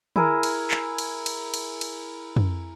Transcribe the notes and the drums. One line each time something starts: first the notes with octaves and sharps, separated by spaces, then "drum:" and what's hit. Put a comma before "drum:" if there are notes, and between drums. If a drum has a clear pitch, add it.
E4 G#4 A#4, drum: tom
drum: cymbal
drum: clap
drum: cymbal
drum: cymbal
drum: cymbal
drum: cymbal
drum: tom